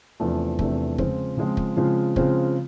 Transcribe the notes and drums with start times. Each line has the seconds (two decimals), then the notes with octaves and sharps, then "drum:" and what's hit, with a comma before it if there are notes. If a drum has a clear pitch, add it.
0.20 E2 C3 F3 A3 D4
0.59 E2 C3 F3 A3 D4, drum: kick
0.98 C#3 F3 G#3 C4 F4, drum: kick
1.37 C#3 F3 G#3 C4 F4
1.57 drum: kick
1.77 C#3 F3 G#3 C4 F4
2.16 C#3 F3 G#3 C4 F4, drum: kick